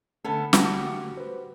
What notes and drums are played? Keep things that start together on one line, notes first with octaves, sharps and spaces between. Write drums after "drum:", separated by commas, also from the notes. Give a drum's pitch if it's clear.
D3 A3 B3 C#4 A4
F#4 G4, drum: snare
B4 C5